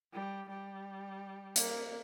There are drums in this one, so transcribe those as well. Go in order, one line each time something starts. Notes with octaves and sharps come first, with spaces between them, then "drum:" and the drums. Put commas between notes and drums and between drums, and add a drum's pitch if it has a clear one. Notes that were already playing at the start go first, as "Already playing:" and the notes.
G3
G3
A#3, drum: hi-hat